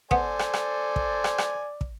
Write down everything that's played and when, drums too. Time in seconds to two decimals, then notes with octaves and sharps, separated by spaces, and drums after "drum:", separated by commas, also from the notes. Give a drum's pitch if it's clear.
0.11 B3 A4 C5 D5 G#5, drum: kick
0.39 drum: rim click
0.53 drum: rim click
0.96 drum: kick
1.24 drum: rim click
1.38 drum: rim click
1.81 drum: kick